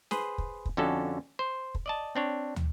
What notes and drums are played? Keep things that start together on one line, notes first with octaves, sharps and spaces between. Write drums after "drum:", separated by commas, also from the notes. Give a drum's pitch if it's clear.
G#4 B4 C5, drum: snare
drum: kick
drum: kick
F2 D3 C#4 F#4 A4
C5
drum: kick
D5 D#5 A5
C4 D4 C#5
drum: tom